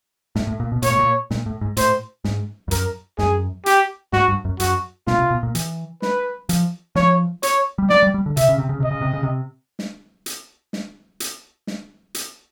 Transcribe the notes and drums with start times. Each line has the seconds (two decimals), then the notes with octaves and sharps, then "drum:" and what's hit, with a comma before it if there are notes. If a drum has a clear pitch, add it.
0.36 A2, drum: snare
0.47 A2
0.60 A#2
0.72 B2
0.82 A#2 C#5, drum: hi-hat
0.92 A2
0.99 A#2
1.31 A#2, drum: snare
1.46 A2
1.61 G#2
1.77 A2 C5, drum: hi-hat
2.24 G#2, drum: snare
2.68 F2
2.71 F#2 A#4, drum: hi-hat
3.19 F#2 G#4, drum: snare
3.66 G4, drum: hi-hat
4.13 G#2 F#4, drum: snare
4.28 G2
4.45 F#2
4.60 F#2 F#4, drum: hi-hat
5.07 B2 F4, drum: snare
5.19 C3
5.31 B2
5.43 A#2
5.55 E3, drum: hi-hat
6.02 B4, drum: snare
6.49 F3, drum: hi-hat
6.96 F3 C#5, drum: snare
7.43 C#5, drum: hi-hat
7.78 G3
7.90 F#3 D5, drum: snare
8.03 G3
8.14 G3
8.26 D3
8.37 C3 E5, drum: hi-hat
8.49 C#3
8.58 C3
8.69 C#3
8.80 C3 D#5
8.91 C#3
9.01 C3
9.13 C#3
9.23 C3
9.79 drum: snare
10.26 drum: hi-hat
10.73 drum: snare
11.20 drum: hi-hat
11.67 drum: snare
12.15 drum: hi-hat